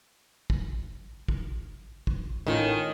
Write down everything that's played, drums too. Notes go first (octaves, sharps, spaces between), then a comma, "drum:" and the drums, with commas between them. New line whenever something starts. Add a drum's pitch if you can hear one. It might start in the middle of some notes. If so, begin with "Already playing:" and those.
drum: kick
drum: kick
drum: kick
A2 D#3 C#4 F4